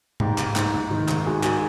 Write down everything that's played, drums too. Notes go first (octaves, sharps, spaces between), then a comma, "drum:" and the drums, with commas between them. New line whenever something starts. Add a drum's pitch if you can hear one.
G#2 G4, drum: tom G#2
G#2, drum: clap
G#2, drum: clap
G#2
D#3
G#2, drum: clap
G#2 F#4 G#4
F#4 G#4, drum: clap